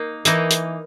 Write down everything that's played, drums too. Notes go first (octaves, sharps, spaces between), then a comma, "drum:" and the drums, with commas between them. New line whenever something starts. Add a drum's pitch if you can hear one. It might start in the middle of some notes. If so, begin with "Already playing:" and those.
Already playing: A#3 D#4
E3 A#3 D#4, drum: hi-hat
drum: hi-hat